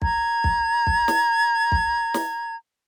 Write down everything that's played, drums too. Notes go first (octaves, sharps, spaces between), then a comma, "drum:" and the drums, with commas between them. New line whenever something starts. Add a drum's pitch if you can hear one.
A#5 G#6, drum: kick
drum: kick
drum: kick
drum: snare
drum: kick
drum: snare